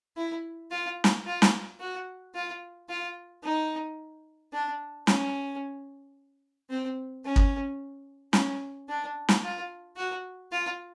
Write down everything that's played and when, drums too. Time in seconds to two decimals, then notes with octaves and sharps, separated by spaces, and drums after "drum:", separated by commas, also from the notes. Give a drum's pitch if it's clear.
0.17 E4
0.71 F4
1.04 drum: snare
1.26 F4
1.42 drum: snare
1.80 F#4
2.35 F4
2.89 F4
3.43 D#4
4.53 D4
5.07 C#4, drum: snare
6.70 C4
7.25 C#4
7.36 drum: kick
8.33 C#4, drum: snare
8.88 D4
9.29 drum: snare
9.43 F4
9.97 F#4
10.51 F4